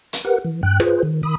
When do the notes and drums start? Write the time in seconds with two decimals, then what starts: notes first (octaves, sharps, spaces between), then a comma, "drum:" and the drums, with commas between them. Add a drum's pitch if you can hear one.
0.13 drum: hi-hat
0.25 G4 A#4 B4 F#5
0.45 E3
0.63 G2 G5 F#6
0.80 F4 G#4 B4 C5, drum: rim click
1.03 D#3
1.23 D#3 B5 D#6